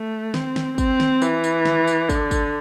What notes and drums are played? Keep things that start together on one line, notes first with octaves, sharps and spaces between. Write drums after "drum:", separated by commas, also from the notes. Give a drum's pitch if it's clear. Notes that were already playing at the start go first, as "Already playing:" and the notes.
Already playing: A3
C4, drum: snare
drum: snare
C4, drum: kick, tambourine
drum: snare
E3, drum: tambourine
drum: tambourine
drum: snare
drum: tambourine
D3, drum: kick, tambourine
drum: kick, tambourine